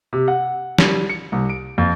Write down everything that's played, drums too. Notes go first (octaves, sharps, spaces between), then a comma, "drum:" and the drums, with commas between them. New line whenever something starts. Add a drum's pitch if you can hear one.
C3
F#5
G3, drum: snare
C#7
C2
D7
F2